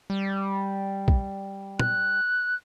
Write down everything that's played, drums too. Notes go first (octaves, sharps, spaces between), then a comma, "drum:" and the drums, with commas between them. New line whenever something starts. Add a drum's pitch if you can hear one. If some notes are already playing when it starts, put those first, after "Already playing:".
G3
drum: kick A#1
F#6, drum: tom